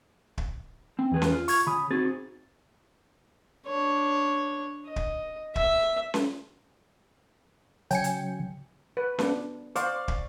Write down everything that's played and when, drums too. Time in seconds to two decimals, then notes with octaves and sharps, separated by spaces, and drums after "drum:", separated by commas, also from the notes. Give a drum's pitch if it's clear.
0.38 drum: kick
0.99 C4
1.12 E2 E3 G#4 B4
1.22 drum: snare C#4
1.31 F4
1.48 C#6 G#6, drum: open hi-hat
1.67 C#3 B5 D#6
1.91 C4 D#4 F#4 G#4 A6
3.67 D4 C#5
4.87 D#5
4.96 drum: kick
5.56 E5, drum: kick
6.14 drum: snare C#4
7.91 C#3 F#3 G5 G#5 C#7, drum: hi-hat
8.04 drum: hi-hat
8.97 B4
9.19 B3 D4, drum: snare C#4
9.76 C5 D5 F5 C#6, drum: hi-hat
10.08 drum: kick